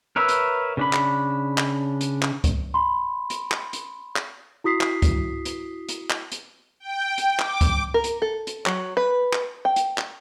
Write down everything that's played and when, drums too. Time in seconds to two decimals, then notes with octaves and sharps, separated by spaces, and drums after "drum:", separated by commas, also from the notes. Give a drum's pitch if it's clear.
0.16 A#4 B4 C#5 E5
0.28 drum: hi-hat
0.77 C#3 D4 B5
0.93 drum: clap
1.58 drum: clap
2.01 drum: hi-hat
2.22 drum: clap
2.44 drum: kick C#2, hi-hat
2.74 B5 C6
3.30 drum: hi-hat
3.52 drum: clap
3.73 drum: hi-hat
4.16 drum: clap
4.64 E4 F#4 D#6 B6 C7
4.81 drum: clap
5.02 drum: kick C#2, hi-hat
5.45 drum: hi-hat
5.89 drum: hi-hat
6.10 drum: clap
6.32 drum: hi-hat
6.80 G5
7.18 drum: hi-hat
7.39 D6, drum: clap
7.61 drum: kick C#2, hi-hat
7.94 A#4
8.04 drum: hi-hat
8.22 A4
8.47 drum: hi-hat
8.66 F#3, drum: clap
8.97 B4
9.33 drum: clap
9.65 G5
9.76 drum: hi-hat
9.98 drum: clap